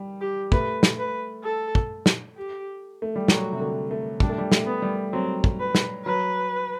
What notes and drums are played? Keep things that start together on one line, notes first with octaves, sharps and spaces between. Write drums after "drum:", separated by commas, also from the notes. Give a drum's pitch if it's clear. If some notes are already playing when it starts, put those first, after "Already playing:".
Already playing: G3
G4
A3 B4, drum: kick
drum: snare
B4
A4
drum: kick
drum: snare
G4
A3
G3
F#3 F#4, drum: snare
C3
D3
A3
G3 D4, drum: kick
A3
G3
A3, drum: snare
B3
G3
F#3 C4
drum: kick
B4
drum: snare
F#3 B4